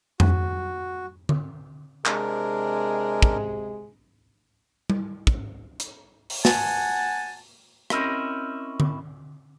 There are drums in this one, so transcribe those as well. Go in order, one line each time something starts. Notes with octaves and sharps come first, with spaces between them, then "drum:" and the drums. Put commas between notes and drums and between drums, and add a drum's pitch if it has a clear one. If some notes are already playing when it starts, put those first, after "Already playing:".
F#4, drum: tom F2
drum: tom D3
C3 G#3 D4 A#4, drum: clap
drum: kick
drum: tom G3
drum: kick
drum: hi-hat
drum: open hi-hat
F#5 G#5 A5, drum: snare
C4 C#4 E4 A#4 D#5, drum: rim click
drum: tom D3